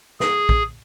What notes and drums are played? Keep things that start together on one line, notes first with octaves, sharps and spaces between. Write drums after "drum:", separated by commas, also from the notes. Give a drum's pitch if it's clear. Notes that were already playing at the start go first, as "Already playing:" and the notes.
G#4, drum: snare
drum: kick A#1